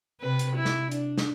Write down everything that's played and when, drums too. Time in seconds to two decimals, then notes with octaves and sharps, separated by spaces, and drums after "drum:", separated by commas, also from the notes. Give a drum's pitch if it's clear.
0.21 C3 B4
0.39 drum: hi-hat
0.55 E4
0.65 drum: snare
0.91 D4, drum: hi-hat
1.18 drum: snare